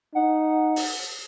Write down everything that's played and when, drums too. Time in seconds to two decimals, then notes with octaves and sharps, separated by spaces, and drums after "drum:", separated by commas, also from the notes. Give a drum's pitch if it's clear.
0.15 D#4 F#5
0.76 drum: open hi-hat